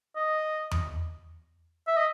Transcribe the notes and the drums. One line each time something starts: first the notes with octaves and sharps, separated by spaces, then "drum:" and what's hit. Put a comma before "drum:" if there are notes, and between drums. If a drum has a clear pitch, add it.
D#5
drum: tom E2
E5
D#5